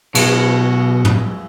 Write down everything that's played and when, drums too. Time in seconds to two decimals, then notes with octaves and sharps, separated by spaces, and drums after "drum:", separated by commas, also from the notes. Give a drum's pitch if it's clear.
0.15 B2 F#3 G#3 F#4, drum: cymbal
1.05 drum: tom